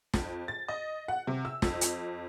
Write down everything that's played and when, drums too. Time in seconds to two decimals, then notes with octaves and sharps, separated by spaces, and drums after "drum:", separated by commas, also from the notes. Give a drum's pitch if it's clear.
0.14 F2, drum: snare
0.48 A6
0.68 D#5
1.08 F#5
1.27 C3
1.45 E6
1.62 F2, drum: snare
1.81 drum: hi-hat